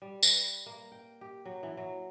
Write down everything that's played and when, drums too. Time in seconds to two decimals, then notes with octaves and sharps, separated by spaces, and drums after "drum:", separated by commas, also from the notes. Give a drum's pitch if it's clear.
0.02 G3
0.23 B4, drum: tambourine
0.66 A#3
0.92 G5
1.21 G4
1.45 F#3
1.63 E3
1.77 F#3